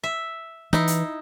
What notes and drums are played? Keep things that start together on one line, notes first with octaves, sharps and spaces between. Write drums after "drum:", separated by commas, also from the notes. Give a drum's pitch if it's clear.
E5
E3 D#4 E4, drum: snare
drum: hi-hat